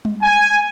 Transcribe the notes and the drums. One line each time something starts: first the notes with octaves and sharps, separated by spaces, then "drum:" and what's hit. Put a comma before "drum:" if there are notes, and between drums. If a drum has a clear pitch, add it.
drum: tom G3
G#5